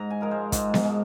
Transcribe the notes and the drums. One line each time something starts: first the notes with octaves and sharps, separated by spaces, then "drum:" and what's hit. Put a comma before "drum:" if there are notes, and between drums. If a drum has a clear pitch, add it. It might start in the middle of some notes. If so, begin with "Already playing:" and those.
Already playing: G#2 A#5
G#5
F3 G#3 A#4
C5
G#2, drum: kick, hi-hat
drum: snare B3
F3 G#3